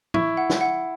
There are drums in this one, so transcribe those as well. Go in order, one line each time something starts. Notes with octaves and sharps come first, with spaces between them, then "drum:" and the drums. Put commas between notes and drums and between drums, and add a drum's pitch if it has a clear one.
E4 C#6, drum: tom
F#5
drum: snare
F#5